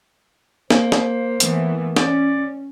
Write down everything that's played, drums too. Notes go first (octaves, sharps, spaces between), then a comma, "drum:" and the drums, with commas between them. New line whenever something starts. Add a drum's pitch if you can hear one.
A#3 C5, drum: snare
drum: snare
E3 A3 B3, drum: hi-hat
C#4 D5, drum: snare